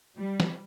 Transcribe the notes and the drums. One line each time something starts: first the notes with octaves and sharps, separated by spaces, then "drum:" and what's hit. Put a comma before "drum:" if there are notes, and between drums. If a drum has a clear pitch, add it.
G3
drum: snare